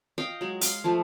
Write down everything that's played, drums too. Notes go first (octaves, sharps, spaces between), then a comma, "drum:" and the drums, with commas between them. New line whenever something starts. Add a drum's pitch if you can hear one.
D#5 F5 G5
F#3 G#3
F5, drum: hi-hat
F3 A3